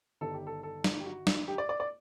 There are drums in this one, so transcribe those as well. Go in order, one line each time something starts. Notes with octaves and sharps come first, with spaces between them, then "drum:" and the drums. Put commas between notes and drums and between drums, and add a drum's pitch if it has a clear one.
G1 G2 D#3 A4
G4
A4
A4
drum: snare
G4
F#4
drum: snare
G4
D5
D5
D5